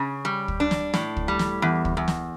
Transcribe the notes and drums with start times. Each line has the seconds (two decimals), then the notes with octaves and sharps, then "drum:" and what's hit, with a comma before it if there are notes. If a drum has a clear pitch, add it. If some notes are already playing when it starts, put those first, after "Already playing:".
Already playing: C#3
0.25 G3
0.48 drum: kick
0.60 D4
0.71 drum: snare
0.94 A2, drum: snare
1.17 drum: kick
1.28 G3
1.39 drum: snare
1.62 E2
1.85 drum: kick
1.97 E2
2.08 drum: snare